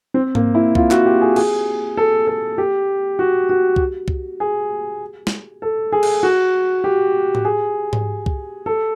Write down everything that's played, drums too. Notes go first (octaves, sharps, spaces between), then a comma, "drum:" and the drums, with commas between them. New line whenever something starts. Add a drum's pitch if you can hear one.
C4
A#3, drum: tom G#2
E4
F4, drum: kick C2
F#4, drum: clap
G4
G#4
G#4, drum: cymbal
A4
A4
G4
F#4
F#4
drum: kick C2
drum: kick C2
G#4
drum: snare
A4
G#4
drum: cymbal
F#4
G4
drum: tom A2
G#4
drum: tom G#2
drum: kick C2
A4